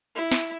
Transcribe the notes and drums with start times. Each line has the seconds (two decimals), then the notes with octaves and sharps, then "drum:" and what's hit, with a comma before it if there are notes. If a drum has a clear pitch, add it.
0.15 E4
0.32 drum: snare